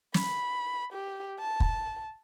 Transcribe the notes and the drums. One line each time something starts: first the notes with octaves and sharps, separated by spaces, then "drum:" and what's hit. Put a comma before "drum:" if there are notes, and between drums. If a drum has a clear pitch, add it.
B5, drum: snare
G4
A5
drum: kick